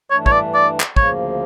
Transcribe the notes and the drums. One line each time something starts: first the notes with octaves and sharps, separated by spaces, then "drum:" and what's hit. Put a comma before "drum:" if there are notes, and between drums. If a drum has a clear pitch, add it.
G2 E3 A3 D4 C#5
C#5, drum: kick
D5
D5
drum: clap
D2 C#3 F3 A#3 C#5, drum: kick